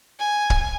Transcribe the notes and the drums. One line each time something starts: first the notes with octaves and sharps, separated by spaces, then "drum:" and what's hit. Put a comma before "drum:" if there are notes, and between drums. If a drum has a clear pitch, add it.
G#5
drum: kick